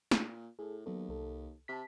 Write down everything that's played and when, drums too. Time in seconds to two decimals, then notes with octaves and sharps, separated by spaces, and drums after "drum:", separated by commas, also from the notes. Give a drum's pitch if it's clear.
0.11 A#2, drum: snare
0.59 A2 G#4 A4
0.86 D#2 F#3 B3 A4
1.09 C2 A4
1.68 C3 A5 B6